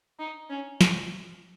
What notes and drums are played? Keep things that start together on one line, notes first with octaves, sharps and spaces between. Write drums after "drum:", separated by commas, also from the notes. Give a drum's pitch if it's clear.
D#4
C#4
drum: snare